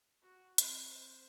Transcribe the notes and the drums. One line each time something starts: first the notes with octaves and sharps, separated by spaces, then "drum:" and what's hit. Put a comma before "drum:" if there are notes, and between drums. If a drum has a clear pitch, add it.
F#4
C4, drum: hi-hat
C5